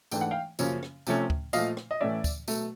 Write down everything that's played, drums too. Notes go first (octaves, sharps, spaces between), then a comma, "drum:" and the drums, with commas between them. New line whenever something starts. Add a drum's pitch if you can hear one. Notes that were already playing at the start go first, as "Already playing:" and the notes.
G#2 E3 A3 D4 G5, drum: tambourine
F#5
F5 G5
F#2 C#3 F3 A#3 C#4, drum: tambourine
drum: rim click
C3 F3 A3 C#4, drum: tambourine
drum: kick D2
A#2 F3 A3 D#5 F5, drum: tambourine
drum: rim click
D#5
A2 E3 A3 C#4 D5 E5
drum: kick D2, tambourine
B2 F#3 A3, drum: tambourine